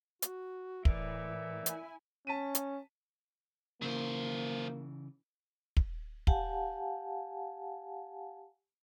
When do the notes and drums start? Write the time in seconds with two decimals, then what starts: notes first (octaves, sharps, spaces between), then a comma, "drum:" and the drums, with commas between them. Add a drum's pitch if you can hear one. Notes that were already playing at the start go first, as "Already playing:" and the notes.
0.22 F#4, drum: hi-hat
0.85 A2 E3 A#4 D5 E5, drum: kick
1.66 E4 G#5, drum: hi-hat
2.27 C#4 A5 B6 D#7
2.55 drum: hi-hat
3.82 C#3 E3 F#3 A#3 C5
5.77 drum: kick
6.27 G4 F5 F#5 G#5 A5, drum: kick